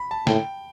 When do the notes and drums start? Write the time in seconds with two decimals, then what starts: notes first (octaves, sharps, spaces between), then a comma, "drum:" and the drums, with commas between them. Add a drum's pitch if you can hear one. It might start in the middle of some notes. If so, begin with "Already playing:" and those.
Already playing: B5
0.11 A5
0.27 A2 G5, drum: snare